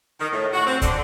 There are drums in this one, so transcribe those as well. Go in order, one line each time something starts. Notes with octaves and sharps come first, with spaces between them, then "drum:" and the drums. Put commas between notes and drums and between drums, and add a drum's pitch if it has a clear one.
D#3
A2
F#4
C4
D3, drum: kick, hi-hat